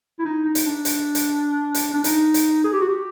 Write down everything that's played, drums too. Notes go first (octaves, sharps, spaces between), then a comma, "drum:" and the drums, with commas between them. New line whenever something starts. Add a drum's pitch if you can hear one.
E4
D#4
D#4
drum: hi-hat
D4
drum: hi-hat
drum: hi-hat
drum: hi-hat
D4
D#4, drum: hi-hat
drum: hi-hat
G#4
G4
F#4
G4